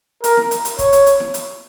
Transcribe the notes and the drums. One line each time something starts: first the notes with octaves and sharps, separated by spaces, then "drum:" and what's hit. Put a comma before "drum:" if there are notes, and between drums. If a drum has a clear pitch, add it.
A#4, drum: hi-hat
drum: snare E4
drum: hi-hat
drum: hi-hat
C#5, drum: kick, hi-hat
drum: hi-hat
drum: hi-hat
drum: snare E4
drum: hi-hat